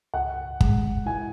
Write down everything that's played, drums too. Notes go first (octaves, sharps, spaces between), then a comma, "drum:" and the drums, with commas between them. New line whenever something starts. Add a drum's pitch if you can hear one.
C#2 F#5
G#3, drum: kick
E4 G#5